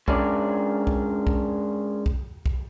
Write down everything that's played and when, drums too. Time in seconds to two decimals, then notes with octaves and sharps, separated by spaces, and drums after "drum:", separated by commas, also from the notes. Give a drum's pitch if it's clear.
0.08 G#3 C#4 D4 A#4 D5, drum: kick
0.87 drum: kick
1.27 drum: kick
2.06 drum: kick
2.46 drum: kick